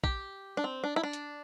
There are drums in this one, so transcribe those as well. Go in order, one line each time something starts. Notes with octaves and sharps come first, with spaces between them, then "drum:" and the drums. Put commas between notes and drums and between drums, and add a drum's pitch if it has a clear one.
G4, drum: kick A#1
D4
C4
D4
E4
D4
drum: hi-hat